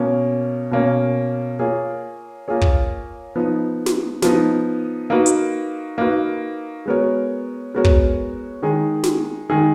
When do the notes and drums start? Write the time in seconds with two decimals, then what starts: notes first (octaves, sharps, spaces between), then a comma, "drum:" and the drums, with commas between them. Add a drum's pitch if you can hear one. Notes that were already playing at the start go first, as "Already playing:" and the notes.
Already playing: B2 A#3 C#4
0.71 B2 A#3 C#4
1.59 A#3 F4 G#4 C#5
2.48 A#3 F4 G#4 C#5
2.61 drum: kick
3.36 F3 B3 D#4
3.86 drum: snare
4.22 F3 B3 D#4, drum: snare
5.10 A#3 D#4 F#4 B4
5.26 drum: hi-hat
5.98 A#3 D#4 F#4 B4
6.86 G#3 B3 F#4 A#4 C#5
7.74 G#3 B3 F#4 A#4 C#5
7.84 drum: kick
8.62 D#3 G#3 D#4 G#4
9.04 drum: snare
9.50 D#3 G#3 D#4 G#4